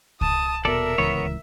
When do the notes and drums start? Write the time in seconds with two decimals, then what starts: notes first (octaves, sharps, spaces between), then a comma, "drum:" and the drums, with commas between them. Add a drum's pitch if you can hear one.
0.21 A5 D#6, drum: kick C2
0.65 D#1 B2 A4 A#4 D5 E5
0.98 D1 C#2 E3 B3 C#5